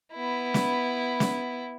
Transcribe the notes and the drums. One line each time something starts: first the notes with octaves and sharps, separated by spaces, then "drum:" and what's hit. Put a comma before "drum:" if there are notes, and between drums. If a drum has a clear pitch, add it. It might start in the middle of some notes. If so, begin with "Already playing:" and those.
B3 E4
drum: snare
drum: snare